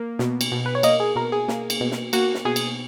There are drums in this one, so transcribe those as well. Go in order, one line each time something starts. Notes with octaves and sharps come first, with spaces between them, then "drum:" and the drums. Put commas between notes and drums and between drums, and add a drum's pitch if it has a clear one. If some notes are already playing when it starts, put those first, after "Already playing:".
Already playing: A#3
B2, drum: snare
drum: cymbal
B2
B4
C#5
A#3 D#5, drum: cymbal
G#4
B2 A#4
G#4
A#3, drum: snare
drum: cymbal
B2
drum: snare
A#3 F#4, drum: cymbal
drum: snare
B2 G#4
drum: cymbal